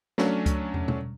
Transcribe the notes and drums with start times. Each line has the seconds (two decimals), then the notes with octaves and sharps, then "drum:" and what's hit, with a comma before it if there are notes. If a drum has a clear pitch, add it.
0.18 F#3 A3 C#4 D4, drum: snare
0.46 drum: kick C#2, hi-hat
0.74 drum: tom
0.88 drum: tom